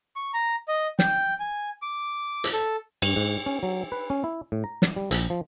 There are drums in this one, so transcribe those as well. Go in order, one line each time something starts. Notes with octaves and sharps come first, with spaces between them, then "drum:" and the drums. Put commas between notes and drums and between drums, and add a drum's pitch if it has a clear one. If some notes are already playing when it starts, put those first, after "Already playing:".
C#6
A#5
D#5
G5, drum: snare
G#5
D6
drum: hi-hat
A4
G2, drum: cymbal
G#2
C#4
F#3
B4
C#4
E4
A2
A#5
drum: snare
G3
A#1, drum: hi-hat
F3